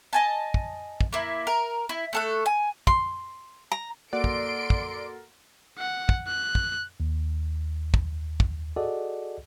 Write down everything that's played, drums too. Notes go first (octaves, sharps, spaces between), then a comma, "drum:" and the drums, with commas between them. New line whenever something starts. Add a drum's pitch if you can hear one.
D#5 G#5 A5
drum: kick
drum: kick
A#3 E4
A#4
E4
A3 A4 F#6
G#5
C6, drum: kick
A#5
A#3 F#4 A4 A#4 D5 F#5 C6 D7
drum: kick
drum: kick
F#5
drum: kick
F#6
drum: kick
D#2
drum: kick
drum: kick
F#4 G#4 A4 D5 D#5 F#5